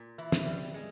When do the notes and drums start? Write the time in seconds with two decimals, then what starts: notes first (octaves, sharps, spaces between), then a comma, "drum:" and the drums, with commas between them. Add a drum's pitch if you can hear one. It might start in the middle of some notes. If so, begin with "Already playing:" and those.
Already playing: A#2
0.18 E3 E4
0.32 drum: snare
0.45 G3
0.74 G#3